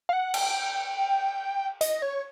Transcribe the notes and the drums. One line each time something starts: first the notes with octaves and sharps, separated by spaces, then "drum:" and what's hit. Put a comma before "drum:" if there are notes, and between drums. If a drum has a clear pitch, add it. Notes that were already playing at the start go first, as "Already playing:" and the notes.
F5
F#5
G5, drum: cymbal
D#5, drum: hi-hat
C#5